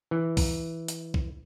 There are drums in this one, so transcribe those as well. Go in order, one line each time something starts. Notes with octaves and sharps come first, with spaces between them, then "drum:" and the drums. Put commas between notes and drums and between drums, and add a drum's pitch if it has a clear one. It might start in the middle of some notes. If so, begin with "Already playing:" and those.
E3
drum: kick, open hi-hat
drum: hi-hat
drum: kick